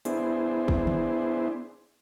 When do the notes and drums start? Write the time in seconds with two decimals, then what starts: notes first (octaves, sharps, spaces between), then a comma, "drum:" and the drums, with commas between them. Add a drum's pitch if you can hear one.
0.05 B3 D4 E4 G#4 C5, drum: hi-hat
0.68 drum: kick
0.87 drum: tom